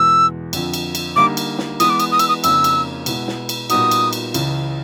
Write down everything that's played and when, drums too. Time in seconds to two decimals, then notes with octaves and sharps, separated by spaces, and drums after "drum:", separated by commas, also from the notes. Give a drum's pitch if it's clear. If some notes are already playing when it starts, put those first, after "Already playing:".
Already playing: E2 B2 G#3 E6
0.53 F2 D3 F3, drum: cymbal
0.74 drum: cymbal
0.95 drum: cymbal
1.16 D3 G3 A#3 D#4 D6
1.37 drum: cymbal
1.58 drum: snare
1.80 E3 G#3 B3 D#6, drum: cymbal
1.90 D6
2.00 D#6, drum: cymbal
2.12 D#6
2.19 E6, drum: cymbal
2.29 D#6
2.44 F2 C#3 F3 A#3 D#4 E6, drum: cymbal
2.64 drum: cymbal
3.06 B2 G#3 B3 E4, drum: cymbal
3.28 drum: snare
3.49 drum: cymbal
3.70 A#2 G3 B3 D#4 F#4 D#6, drum: cymbal
3.91 drum: cymbal
4.13 drum: cymbal
4.34 C#2 C#3 E3, drum: cymbal